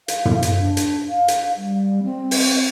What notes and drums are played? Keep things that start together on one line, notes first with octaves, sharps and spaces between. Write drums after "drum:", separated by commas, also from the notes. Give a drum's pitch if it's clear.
F5, drum: hi-hat
drum: tom
drum: hi-hat
D4
drum: hi-hat
F5
drum: hi-hat
G3
C4
drum: open hi-hat